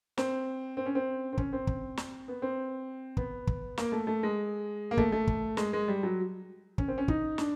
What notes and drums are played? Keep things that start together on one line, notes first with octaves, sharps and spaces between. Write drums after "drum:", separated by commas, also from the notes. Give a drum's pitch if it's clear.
C4, drum: snare
C4
C#4
C4
C4
C#4, drum: kick
C4
drum: kick
drum: snare
B3
C4
B3, drum: kick
drum: kick
A#3, drum: snare
A3
A3
G#3
A#3
A3, drum: kick
A3
drum: kick
G#3, drum: snare
G#3
G3
F#3
C#4, drum: kick
C4
C#4
D#4, drum: kick
D4, drum: snare